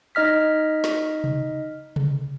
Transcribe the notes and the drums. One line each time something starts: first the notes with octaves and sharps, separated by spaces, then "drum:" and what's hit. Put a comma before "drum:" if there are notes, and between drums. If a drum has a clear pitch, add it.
D#4 D#5 F6 B6
drum: snare
drum: tom C3
drum: tom C3